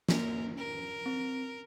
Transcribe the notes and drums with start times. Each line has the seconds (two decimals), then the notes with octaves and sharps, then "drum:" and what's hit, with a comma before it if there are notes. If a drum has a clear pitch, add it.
0.09 A#3 A#4, drum: snare
0.57 A#4
1.06 C4